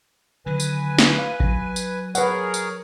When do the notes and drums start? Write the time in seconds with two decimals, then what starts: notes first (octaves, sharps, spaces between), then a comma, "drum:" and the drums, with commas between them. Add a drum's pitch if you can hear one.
0.46 D3 D#3 F#3 B4 G#5
0.60 drum: tambourine
0.98 drum: snare
1.18 F5
1.40 F#3, drum: kick A1
1.76 drum: tambourine
2.15 G#4 A#4 B4 C#5 F#5, drum: tambourine
2.54 drum: tambourine